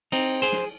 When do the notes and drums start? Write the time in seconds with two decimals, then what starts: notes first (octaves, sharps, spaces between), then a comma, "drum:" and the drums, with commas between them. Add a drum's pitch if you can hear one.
0.12 C4 D#4, drum: cymbal
0.42 G#4 C5
0.52 drum: snare